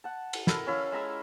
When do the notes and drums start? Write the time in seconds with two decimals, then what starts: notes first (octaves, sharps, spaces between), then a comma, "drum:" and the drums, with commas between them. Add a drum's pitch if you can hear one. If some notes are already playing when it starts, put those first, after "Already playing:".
0.04 F#5 A5
0.33 drum: cymbal
0.47 E4 A4 A#4, drum: snare
0.67 C#4 E4 F5
0.92 G#3 E5 A#5 E6